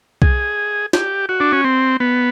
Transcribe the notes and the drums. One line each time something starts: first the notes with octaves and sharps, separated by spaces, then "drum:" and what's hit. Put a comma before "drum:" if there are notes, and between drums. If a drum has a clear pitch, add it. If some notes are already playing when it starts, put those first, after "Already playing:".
G#4, drum: kick B1
G4, drum: snare
F#4
D4
C#4
C4
B3